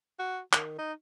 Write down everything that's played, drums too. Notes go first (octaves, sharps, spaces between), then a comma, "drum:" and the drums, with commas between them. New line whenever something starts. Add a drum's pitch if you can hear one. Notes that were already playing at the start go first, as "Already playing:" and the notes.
F#4
D#3, drum: clap
D#4